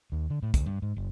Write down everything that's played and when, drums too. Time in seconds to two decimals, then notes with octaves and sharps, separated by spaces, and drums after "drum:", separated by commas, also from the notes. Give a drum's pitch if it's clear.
0.12 D#2
0.30 D3
0.43 A2
0.54 D2, drum: kick, hi-hat
0.66 G2
0.82 G#2
0.97 F#1